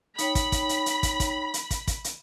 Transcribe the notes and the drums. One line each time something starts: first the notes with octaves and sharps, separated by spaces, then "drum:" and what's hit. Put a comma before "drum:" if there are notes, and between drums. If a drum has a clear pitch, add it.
D#4 C#5 G5 B5, drum: hi-hat
drum: kick, hi-hat
drum: kick, hi-hat
drum: hi-hat
drum: hi-hat
drum: kick, hi-hat
drum: kick, hi-hat
drum: hi-hat
drum: kick, hi-hat
drum: kick, hi-hat
drum: hi-hat